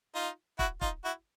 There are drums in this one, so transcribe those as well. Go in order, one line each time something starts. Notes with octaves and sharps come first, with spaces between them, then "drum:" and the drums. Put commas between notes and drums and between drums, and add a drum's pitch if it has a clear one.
D#4 F4
E4 F#4, drum: kick
D#4 F4, drum: kick
E4 F#4